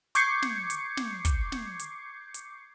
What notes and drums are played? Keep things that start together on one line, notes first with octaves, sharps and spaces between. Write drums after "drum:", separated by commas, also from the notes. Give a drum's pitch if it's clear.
C#6 D6 G6 G#6 C7 C#7, drum: hi-hat
drum: snare
drum: hi-hat
drum: snare
drum: kick, hi-hat
drum: snare
drum: hi-hat
drum: hi-hat